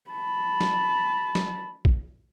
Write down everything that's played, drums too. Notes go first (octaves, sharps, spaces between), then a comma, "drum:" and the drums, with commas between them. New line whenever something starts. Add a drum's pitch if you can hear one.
A5 B5
drum: snare
drum: snare
drum: kick B1